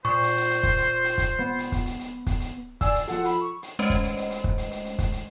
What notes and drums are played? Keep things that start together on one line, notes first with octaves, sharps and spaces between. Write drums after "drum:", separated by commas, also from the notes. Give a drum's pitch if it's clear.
A#2 C5 C#6
drum: hi-hat
drum: hi-hat
drum: hi-hat
drum: kick, hi-hat
drum: hi-hat
drum: hi-hat
drum: kick, hi-hat
B3
drum: hi-hat
drum: kick, hi-hat
drum: hi-hat
drum: hi-hat
drum: kick, hi-hat
drum: hi-hat
D5 G#5 E6, drum: kick, hi-hat
drum: hi-hat
F3 A4 F#5, drum: hi-hat
B5, drum: hi-hat
C#6
drum: hi-hat
G#3 A3 C#4 B4 C5 D#5, drum: hi-hat
drum: kick, hi-hat
drum: hi-hat
drum: hi-hat
drum: hi-hat
drum: kick
drum: hi-hat
drum: hi-hat
drum: hi-hat
drum: kick, hi-hat
drum: hi-hat